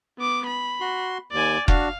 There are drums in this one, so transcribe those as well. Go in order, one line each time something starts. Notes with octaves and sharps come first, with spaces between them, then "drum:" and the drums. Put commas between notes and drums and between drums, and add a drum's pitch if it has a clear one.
B3 D6
B5
F#4 C6
D#2 D5 G#5
D4 F#4 F5, drum: kick F1